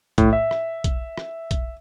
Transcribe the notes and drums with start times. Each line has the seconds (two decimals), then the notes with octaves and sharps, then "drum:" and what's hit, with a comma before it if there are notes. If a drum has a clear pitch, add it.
0.18 A2, drum: kick B1, hi-hat
0.33 E5
0.51 drum: rim click
0.84 drum: kick B1, hi-hat
1.18 drum: rim click
1.51 drum: kick B1, hi-hat